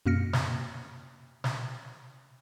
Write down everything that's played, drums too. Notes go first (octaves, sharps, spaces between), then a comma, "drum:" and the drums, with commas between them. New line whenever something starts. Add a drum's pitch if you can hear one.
F#2 B2 A#3 F6 A#6 C#7
drum: snare
drum: snare